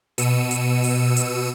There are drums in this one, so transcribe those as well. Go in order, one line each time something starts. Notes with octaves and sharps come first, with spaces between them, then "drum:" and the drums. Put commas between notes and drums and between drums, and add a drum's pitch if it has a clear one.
B2 E6 C#7 D#7, drum: hi-hat
drum: hi-hat
drum: open hi-hat
drum: hi-hat